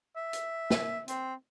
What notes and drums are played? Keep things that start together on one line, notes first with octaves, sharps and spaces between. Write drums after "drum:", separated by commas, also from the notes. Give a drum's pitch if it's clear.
E5
drum: hi-hat
drum: snare
C4, drum: hi-hat